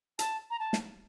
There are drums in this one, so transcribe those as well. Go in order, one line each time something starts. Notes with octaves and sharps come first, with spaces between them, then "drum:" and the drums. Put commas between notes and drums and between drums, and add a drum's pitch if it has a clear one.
A5, drum: hi-hat
A#5
A5
drum: snare